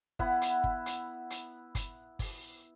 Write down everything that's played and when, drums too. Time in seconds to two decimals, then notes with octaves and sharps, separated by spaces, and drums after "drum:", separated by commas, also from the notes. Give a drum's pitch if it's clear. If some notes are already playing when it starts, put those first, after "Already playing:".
0.19 B3 E4 F#5 B5, drum: kick G1
0.41 drum: hi-hat
0.64 drum: kick G1
0.86 drum: hi-hat
1.30 drum: hi-hat
1.75 drum: kick G1, hi-hat
2.19 drum: kick G1, open hi-hat